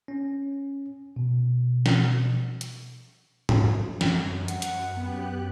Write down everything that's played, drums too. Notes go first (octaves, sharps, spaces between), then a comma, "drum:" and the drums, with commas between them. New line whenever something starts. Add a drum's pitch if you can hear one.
C#4
B2
drum: snare
drum: hi-hat
drum: tom G#2
F#2, drum: snare
F#2 F#5, drum: hi-hat
drum: hi-hat
F#2 B3 G4 F#6